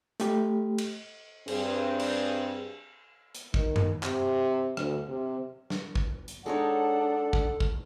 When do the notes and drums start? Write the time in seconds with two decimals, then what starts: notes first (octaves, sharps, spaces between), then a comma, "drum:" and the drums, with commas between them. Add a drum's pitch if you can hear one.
0.20 A3 G4, drum: hi-hat
0.78 drum: cymbal
1.48 G2 C4 G#4, drum: cymbal
1.99 drum: cymbal
3.35 drum: hi-hat
3.54 D#3, drum: kick
3.76 drum: tom F#2
4.03 C3, drum: clap
4.77 D2, drum: rim click
5.09 C3
5.70 drum: snare
5.95 drum: kick
6.28 drum: hi-hat
6.46 G#3 D4 D#4 A4 C#5 F#5
7.33 drum: kick
7.60 drum: kick